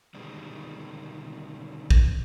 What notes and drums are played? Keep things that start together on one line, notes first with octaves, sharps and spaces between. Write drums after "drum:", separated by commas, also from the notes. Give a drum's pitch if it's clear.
B2 D3 D#3 G3 G#3
drum: kick